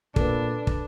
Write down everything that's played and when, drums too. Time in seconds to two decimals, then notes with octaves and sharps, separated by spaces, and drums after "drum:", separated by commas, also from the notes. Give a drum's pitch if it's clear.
0.16 A#2 D4 A4 B4, drum: kick
0.67 drum: kick